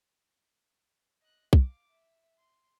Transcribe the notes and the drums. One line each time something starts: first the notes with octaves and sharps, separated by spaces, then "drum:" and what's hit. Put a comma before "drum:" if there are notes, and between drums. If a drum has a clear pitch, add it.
D#5 F#6
F5 D6, drum: kick B1
E5
C6